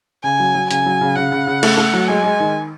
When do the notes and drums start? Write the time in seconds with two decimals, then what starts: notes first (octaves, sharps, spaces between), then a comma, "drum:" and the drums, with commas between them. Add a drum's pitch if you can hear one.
0.23 C#3 G#5
0.40 F#3
0.55 F#3
0.71 C#3 G#5, drum: hi-hat
0.86 F#3
1.01 C#3
1.16 C#3 F#5
1.32 C#3
1.47 C#3
1.63 A3, drum: cymbal
1.77 A3
1.93 F#3
2.08 G#3 G#5
2.24 G#3
2.40 D#3